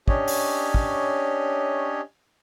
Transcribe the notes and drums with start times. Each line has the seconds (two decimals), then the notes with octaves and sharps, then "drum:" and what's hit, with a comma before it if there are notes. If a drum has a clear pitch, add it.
0.08 C#4 D4 G4 C#5 D#5, drum: kick
0.28 drum: open hi-hat
0.74 drum: kick